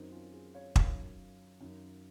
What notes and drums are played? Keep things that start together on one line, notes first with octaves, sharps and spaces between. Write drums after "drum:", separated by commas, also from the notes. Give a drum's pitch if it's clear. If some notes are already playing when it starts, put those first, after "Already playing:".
Already playing: F#2 D#3 C4 D#4
C#4 F4
F4 G#4
C#5 F5
F#2 D#3 C#5 F5, drum: kick
F#2 D#3